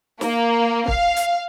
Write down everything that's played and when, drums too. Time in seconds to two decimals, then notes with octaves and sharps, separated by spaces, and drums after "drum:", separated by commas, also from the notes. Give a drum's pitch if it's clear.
0.21 A#3, drum: snare
0.88 F5, drum: kick
1.17 drum: hi-hat